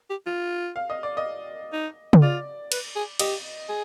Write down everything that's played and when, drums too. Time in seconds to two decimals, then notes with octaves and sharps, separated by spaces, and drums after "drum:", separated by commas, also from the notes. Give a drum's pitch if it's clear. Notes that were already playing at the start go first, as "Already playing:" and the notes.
0.10 G4
0.26 F4
0.76 F5
0.90 D#5
1.03 D5
1.17 D#5
1.73 D#4
2.13 drum: tom C#3
2.22 F4 D5
2.72 B4, drum: cymbal
2.96 G#4
3.19 G4 D#5, drum: cymbal
3.69 G#4